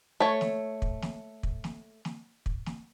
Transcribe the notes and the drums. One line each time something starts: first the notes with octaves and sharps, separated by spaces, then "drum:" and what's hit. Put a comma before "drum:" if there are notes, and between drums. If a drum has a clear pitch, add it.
A3 C#5
drum: snare
drum: kick
drum: snare
drum: kick
drum: snare
drum: snare
drum: kick
drum: snare